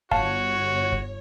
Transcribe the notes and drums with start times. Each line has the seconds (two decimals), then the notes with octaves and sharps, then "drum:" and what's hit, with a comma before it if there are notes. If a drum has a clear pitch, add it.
0.11 G1 F#4 C#5 F5 A5, drum: kick
0.92 drum: kick